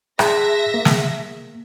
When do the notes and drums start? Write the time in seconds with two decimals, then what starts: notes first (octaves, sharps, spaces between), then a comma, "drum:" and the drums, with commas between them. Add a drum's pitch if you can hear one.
0.19 G#4 E5 A5 C6 F#6 A#6, drum: rim click
0.74 A#3
0.85 drum: snare